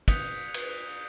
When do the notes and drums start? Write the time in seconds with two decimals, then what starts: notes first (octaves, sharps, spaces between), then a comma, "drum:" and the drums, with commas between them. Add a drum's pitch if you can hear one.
0.08 D#6 F#6 G6 B6 C#7 F7, drum: kick, cymbal
0.54 drum: cymbal